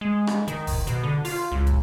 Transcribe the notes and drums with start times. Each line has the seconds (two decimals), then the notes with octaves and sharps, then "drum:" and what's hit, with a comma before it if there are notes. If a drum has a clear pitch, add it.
0.01 G#3
0.27 drum: rim click
0.48 D#3, drum: hi-hat
0.67 drum: kick, open hi-hat
0.87 B2, drum: hi-hat
1.04 D3
1.25 F4, drum: open hi-hat
1.52 C#2
1.67 drum: kick, hi-hat